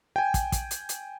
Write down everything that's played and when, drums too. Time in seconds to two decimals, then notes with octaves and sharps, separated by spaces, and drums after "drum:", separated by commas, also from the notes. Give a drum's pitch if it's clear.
0.16 G5 G#5
0.34 drum: kick, hi-hat
0.52 drum: kick, hi-hat
0.71 drum: hi-hat
0.89 drum: hi-hat